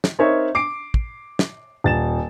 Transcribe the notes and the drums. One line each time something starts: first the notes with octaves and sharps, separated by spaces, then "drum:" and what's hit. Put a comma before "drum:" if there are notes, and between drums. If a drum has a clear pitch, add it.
drum: snare
C4 D#4 A#4 C#5 E5
D6 C7 D7
drum: kick
drum: snare
D#1 A6 E7